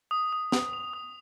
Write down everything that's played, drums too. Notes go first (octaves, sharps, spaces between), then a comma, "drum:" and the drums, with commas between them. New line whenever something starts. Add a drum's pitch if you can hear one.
D#6
D#6
D#6, drum: snare
F7
D#6